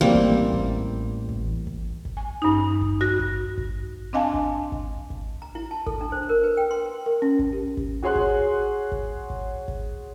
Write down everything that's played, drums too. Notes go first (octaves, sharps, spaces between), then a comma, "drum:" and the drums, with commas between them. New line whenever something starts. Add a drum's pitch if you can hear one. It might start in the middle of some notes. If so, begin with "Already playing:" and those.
A1 G3 A#3 C4
drum: kick
drum: kick
drum: kick
drum: kick
drum: kick
G#5
G2 C#4 D#4
drum: kick
F#4 A#6
drum: kick
drum: kick
C4 D4 D#5 F5 G#5 A5
drum: kick
drum: kick
drum: kick
A#5
E4
A5
A4, drum: kick
D4
C5
A#4
B4
G5
C6
A#4
C#4
drum: kick
G4
drum: kick
F#4 G#4 C#5 C6 F#6
drum: kick
drum: kick
drum: kick
drum: kick